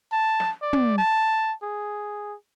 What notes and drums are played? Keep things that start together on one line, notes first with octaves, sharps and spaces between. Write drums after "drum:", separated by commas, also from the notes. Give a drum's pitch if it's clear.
A5
drum: snare
D5
drum: tom
A5
G#4